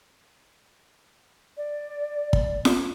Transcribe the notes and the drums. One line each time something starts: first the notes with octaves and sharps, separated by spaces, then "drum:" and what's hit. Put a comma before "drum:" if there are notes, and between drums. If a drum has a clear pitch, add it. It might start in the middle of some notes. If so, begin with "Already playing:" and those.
D5
drum: kick
drum: snare F4